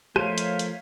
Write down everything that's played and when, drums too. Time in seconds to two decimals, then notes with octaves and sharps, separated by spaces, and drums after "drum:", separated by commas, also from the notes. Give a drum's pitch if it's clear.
0.16 F3 A3 A#4 C5 C#5 E5 F5 D#7, drum: rim click
0.38 drum: hi-hat
0.59 drum: hi-hat